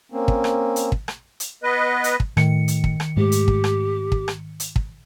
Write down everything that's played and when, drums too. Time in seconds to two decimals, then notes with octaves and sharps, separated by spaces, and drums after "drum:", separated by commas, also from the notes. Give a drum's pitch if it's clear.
0.12 A#3 C4 C#4
0.28 drum: kick
0.44 drum: rim click
0.76 drum: hi-hat
0.92 drum: kick
1.08 drum: rim click
1.40 drum: hi-hat
1.63 B3 B4 D#5
2.04 drum: hi-hat
2.20 drum: kick
2.37 A2 D#3 C#7, drum: rim click
2.68 drum: hi-hat
2.84 drum: kick
3.00 drum: rim click
3.17 G#2 G#3 A3 G4
3.32 drum: hi-hat
3.48 drum: kick
3.64 drum: rim click
4.12 drum: kick
4.28 drum: rim click
4.60 drum: hi-hat
4.76 drum: kick